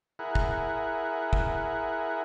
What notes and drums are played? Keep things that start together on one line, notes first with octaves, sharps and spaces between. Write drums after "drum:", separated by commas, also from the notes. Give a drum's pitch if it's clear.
E4 G#4 A#4 F#5
drum: kick
drum: kick